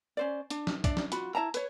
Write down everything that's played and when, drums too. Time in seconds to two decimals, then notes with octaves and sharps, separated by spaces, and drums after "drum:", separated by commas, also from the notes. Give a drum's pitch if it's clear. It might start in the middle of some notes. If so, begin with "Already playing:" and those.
0.17 C#4 C5 D5
0.50 D4, drum: hi-hat
0.67 drum: snare
0.84 D4 D5 E5, drum: kick B1, hi-hat
0.97 drum: snare
1.12 F4 F#4 B5, drum: hi-hat
1.35 E4 E5 A5 A#5
1.54 B4 C#5, drum: hi-hat